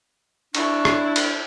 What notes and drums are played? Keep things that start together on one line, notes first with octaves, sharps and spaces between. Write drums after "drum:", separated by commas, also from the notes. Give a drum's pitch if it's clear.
D4 E4 C#6, drum: cymbal
drum: rim click
drum: cymbal